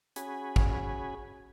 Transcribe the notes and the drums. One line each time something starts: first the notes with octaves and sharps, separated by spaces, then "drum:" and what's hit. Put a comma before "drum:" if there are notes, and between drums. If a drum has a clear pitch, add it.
C#4 F#4 G#4 G#5 B5, drum: hi-hat
drum: kick